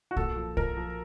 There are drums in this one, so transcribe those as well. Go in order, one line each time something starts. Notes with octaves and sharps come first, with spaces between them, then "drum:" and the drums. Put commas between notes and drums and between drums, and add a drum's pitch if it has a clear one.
F#4
A#2 A4, drum: kick
F3
F3 A#4, drum: kick
F3